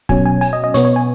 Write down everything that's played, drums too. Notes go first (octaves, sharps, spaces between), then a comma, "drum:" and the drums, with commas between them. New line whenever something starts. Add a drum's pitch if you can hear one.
B2 F#3 C#4 G#5, drum: kick
G#5
G#5, drum: open hi-hat
D#5
D#5
B2 B3 C#5, drum: hi-hat
C#5
G#5